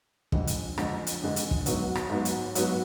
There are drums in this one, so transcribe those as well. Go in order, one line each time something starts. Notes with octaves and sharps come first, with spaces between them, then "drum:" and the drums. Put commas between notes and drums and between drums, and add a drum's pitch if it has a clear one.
F2 D3 G#3, drum: kick
drum: hi-hat
F2 D3 G#3, drum: rim click
drum: hi-hat
F2 D3 G#3
drum: hi-hat
drum: kick
G#2 F#3 B3 F#4, drum: hi-hat
drum: rim click
G#2 F#3 B3 F#4
drum: hi-hat
G#2 F#3 B3 F#4, drum: hi-hat